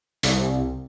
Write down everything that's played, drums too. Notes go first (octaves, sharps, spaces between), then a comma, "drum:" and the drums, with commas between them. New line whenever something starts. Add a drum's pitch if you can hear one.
C2, drum: hi-hat